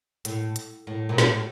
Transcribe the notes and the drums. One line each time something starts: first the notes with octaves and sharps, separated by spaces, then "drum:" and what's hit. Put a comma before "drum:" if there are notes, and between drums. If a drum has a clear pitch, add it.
A2, drum: hi-hat
drum: hi-hat
A2
A#2
A2, drum: snare